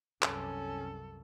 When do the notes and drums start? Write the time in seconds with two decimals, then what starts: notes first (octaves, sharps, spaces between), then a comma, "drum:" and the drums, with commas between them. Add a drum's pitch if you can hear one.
0.22 C2 F#2 C#4 A4, drum: clap